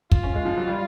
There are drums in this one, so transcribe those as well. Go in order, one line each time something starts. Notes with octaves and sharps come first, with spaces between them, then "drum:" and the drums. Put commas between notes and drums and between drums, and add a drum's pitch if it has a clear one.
F4, drum: kick
C#4
G#3
F3
F#3
G3